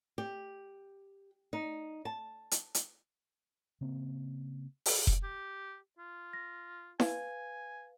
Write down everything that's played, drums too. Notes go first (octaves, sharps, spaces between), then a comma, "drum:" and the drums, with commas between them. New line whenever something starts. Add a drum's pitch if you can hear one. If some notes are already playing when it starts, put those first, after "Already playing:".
G4
D#4
A5
drum: hi-hat
drum: hi-hat
C#3 A#3 C4
drum: open hi-hat
drum: kick F1
G4
F4
A#6
B4 F5 G#5, drum: snare E4